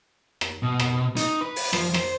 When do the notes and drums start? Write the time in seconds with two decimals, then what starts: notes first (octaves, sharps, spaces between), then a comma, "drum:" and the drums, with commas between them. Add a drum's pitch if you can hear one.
0.41 drum: rim click
0.63 B2
0.80 drum: rim click
1.16 D#4, drum: hi-hat
1.41 B4
1.56 drum: open hi-hat
1.73 F3, drum: rim click
1.94 C5, drum: rim click